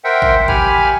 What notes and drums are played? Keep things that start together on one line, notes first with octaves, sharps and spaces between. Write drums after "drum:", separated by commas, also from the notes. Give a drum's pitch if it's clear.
A#4 C5 E5 F#5 G5
drum: kick A1
G4 G#5 B5 F6, drum: kick A1